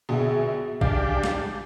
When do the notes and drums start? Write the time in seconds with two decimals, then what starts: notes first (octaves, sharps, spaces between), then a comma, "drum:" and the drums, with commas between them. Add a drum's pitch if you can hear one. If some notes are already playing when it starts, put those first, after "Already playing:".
0.09 A#1 B2 G#4 E5
0.81 D4 G4 F5 G#5, drum: kick A1
1.24 drum: snare